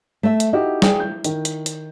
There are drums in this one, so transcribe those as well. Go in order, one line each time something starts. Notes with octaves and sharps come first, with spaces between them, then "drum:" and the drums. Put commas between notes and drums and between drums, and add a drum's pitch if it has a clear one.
A3 E5
drum: hi-hat
D#4 E4 F#4 G4
G#4 D5 G5, drum: snare
G6
D#3, drum: hi-hat
drum: hi-hat
drum: hi-hat